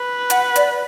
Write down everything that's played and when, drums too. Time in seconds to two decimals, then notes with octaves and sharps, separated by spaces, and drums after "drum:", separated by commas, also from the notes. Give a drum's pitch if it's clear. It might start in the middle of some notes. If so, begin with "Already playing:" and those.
Already playing: B4
0.30 F#5, drum: hi-hat
0.56 D5, drum: hi-hat